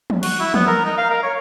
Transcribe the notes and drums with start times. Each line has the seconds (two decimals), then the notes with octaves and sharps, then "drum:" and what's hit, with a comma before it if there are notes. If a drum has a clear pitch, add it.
0.10 drum: tom
0.23 F#4, drum: cymbal
0.40 E4
0.54 B3, drum: tom
0.67 A#4
0.85 D#4
0.98 F5
1.10 A#4
1.23 C#5